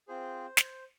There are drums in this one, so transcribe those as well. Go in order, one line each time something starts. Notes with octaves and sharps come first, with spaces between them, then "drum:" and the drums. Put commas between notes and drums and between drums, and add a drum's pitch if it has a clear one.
C4 F4 G#4 C5
drum: snare